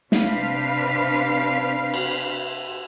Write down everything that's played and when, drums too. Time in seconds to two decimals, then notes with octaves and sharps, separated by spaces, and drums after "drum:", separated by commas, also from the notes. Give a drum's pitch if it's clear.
0.12 C3 C4 D4 B4 F5, drum: snare
1.94 drum: cymbal